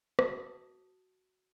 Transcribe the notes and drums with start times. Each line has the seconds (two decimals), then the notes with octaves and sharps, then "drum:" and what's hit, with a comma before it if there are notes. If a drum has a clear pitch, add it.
0.19 F#4 A5 D#6 E6, drum: rim click